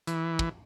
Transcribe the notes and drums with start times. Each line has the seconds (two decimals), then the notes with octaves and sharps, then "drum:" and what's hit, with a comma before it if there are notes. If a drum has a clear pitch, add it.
0.07 E3, drum: hi-hat
0.39 drum: kick